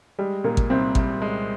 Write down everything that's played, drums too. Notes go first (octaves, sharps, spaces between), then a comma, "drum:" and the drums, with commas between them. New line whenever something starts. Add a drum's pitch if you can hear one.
G3 G#3
A#2 A#3
drum: kick G#1
C2 C4
C2, drum: kick G#1
G#3